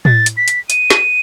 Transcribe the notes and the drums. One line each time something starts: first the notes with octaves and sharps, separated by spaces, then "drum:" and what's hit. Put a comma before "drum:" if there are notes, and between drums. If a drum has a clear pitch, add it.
A6, drum: tom A2
drum: hi-hat
B6
drum: hi-hat
D#7, drum: hi-hat
drum: snare